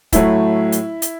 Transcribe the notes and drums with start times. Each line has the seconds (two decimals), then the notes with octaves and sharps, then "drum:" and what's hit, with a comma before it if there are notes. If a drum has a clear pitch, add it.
0.13 A2 F#3 A3 E4, drum: kick, hi-hat
0.72 drum: hi-hat
1.02 drum: hi-hat